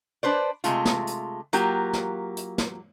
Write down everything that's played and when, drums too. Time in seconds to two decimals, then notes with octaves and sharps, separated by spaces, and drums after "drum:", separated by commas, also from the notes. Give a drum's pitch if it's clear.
0.23 D4 B4 C5 D5
0.64 C3 G#3 A3 F4, drum: hi-hat
0.85 drum: snare
1.07 drum: hi-hat
1.53 F#3 A#3 F4 G4, drum: hi-hat
1.93 drum: snare
2.37 drum: hi-hat
2.58 drum: snare